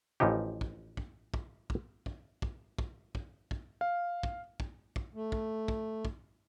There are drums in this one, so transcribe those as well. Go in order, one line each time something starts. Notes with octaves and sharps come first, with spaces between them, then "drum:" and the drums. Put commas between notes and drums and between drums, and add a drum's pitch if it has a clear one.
A1 E3 F3 D#4 G4
drum: kick
drum: kick
drum: kick
drum: kick
drum: kick
drum: kick
drum: kick
drum: kick
drum: kick
F5
drum: kick
drum: kick
drum: kick
A3
drum: kick
drum: kick
drum: kick